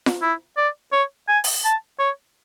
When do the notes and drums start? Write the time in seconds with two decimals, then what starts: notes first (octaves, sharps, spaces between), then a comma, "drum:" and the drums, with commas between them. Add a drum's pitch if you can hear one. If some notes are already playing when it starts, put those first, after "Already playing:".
0.06 drum: snare F4
0.22 E4
0.57 D5
0.92 C#5
1.28 G#5
1.44 drum: open hi-hat
1.65 A5
1.99 C#5